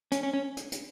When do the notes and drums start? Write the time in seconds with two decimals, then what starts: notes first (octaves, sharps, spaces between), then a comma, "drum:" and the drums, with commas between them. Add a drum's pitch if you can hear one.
0.12 C#4, drum: hi-hat
0.23 C#4
0.34 C#4
0.57 drum: hi-hat
0.72 drum: hi-hat